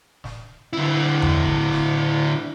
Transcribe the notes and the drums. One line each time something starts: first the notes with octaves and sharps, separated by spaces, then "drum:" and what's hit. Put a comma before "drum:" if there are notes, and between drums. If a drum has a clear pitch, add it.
drum: snare
D3 E4
drum: tom E2
drum: kick
drum: snare